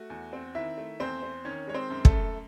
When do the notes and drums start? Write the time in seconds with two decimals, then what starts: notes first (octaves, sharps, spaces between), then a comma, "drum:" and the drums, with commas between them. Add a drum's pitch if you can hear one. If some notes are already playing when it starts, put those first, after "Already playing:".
Already playing: A3 F#4
0.10 E2
0.33 C4
0.55 D#3 E4 E5
0.77 A3
1.00 E2 C4 C5
1.23 C4
1.45 D#3 C#4 C#5
1.67 G#3 C#5
1.74 C4 C5
1.90 F#2
2.05 A3 A4, drum: kick
2.12 F#2